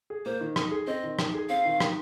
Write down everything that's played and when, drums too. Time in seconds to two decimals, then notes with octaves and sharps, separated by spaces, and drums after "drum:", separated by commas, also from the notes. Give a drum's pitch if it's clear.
0.10 G#4
0.26 A#3 C5
0.41 D#3
0.56 D#4, drum: rim click
0.71 G#4
0.87 C4 D#5
1.03 D#3
1.19 D#4, drum: rim click
1.34 G#4
1.49 C4 F5
1.65 D#3
1.80 D#4, drum: rim click